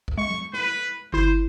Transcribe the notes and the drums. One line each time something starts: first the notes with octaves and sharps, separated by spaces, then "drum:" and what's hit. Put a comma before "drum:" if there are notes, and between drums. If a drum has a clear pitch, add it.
drum: kick A#1
G#3 C#6
drum: tom F3
B4, drum: snare
G1 E4 C5